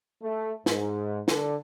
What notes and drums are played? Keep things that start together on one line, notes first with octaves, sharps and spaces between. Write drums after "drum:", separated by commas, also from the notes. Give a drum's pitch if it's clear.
A3
G#2, drum: snare
D3, drum: snare